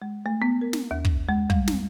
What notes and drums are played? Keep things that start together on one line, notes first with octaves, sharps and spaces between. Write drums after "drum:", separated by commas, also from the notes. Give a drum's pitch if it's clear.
G#3
A3
B3
A#4
drum: snare
D#2
drum: kick
G#3
G3, drum: kick
drum: snare